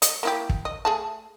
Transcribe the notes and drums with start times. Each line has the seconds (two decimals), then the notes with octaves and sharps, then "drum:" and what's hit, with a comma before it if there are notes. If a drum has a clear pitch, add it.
0.02 D#5, drum: hi-hat
0.23 A#3 E4 G4
0.50 drum: kick
0.65 D#5
0.85 A3 G#4 A5